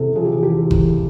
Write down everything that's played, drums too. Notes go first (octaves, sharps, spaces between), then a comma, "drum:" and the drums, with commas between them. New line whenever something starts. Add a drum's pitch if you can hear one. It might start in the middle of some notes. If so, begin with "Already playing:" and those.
Already playing: E2 C3 A4
F3 G#4
G4
G#4
E2 G4
E2, drum: kick F#1